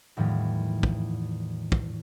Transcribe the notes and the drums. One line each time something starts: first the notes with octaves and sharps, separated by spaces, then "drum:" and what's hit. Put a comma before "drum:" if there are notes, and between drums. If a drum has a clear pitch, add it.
E2 A2 D#3 F3 G3
drum: kick
drum: kick